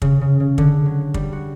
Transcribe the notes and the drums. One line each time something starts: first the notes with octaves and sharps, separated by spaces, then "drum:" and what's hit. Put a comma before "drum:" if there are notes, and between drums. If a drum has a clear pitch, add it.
C#3, drum: kick
C#3
C#3
D3, drum: kick
F#3
G3, drum: kick
F#4